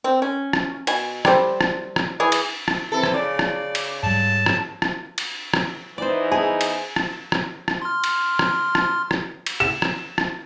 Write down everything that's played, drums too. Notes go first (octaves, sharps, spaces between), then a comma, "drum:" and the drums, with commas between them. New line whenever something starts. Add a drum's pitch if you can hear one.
C4
C#4
drum: rim click
B2 G#5, drum: cymbal
G3 G4 A4 C5, drum: rim click
drum: rim click
drum: rim click
E3 G#4
drum: cymbal
drum: rim click
E3 C4 A4
drum: rim click
C#3 D5
drum: rim click
drum: cymbal
G#2 G3 A5
drum: rim click
drum: rim click
drum: cymbal
drum: rim click
E2 E3 D#4 C5 D5
G#4 G#5
drum: cymbal
drum: rim click
drum: rim click
drum: rim click
C6 F6
drum: cymbal
drum: rim click
drum: rim click
drum: rim click
drum: cymbal
E7
drum: rim click
drum: rim click